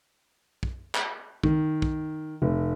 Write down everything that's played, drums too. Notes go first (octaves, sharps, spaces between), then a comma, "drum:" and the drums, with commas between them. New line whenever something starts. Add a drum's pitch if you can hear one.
drum: kick
drum: clap
D#3, drum: kick
drum: kick
F1